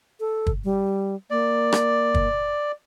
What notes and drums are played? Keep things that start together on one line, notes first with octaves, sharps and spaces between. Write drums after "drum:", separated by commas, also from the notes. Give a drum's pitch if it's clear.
A4
drum: kick
G3
A#3 D5
drum: rim click
drum: kick